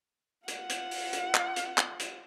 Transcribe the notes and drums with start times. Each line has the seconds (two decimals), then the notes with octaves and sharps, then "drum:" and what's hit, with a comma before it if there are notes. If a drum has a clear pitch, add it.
0.48 F4 F#5, drum: hi-hat
0.69 drum: hi-hat
0.91 drum: open hi-hat
1.13 drum: hi-hat
1.34 drum: clap
1.56 drum: hi-hat
1.78 drum: clap
1.99 drum: hi-hat